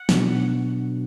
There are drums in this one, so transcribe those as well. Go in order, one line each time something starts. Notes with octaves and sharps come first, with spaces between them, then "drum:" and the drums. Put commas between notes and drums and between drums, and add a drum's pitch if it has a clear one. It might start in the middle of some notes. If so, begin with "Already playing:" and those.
Already playing: F#5
B2 F#3 B3 D4 F#4, drum: snare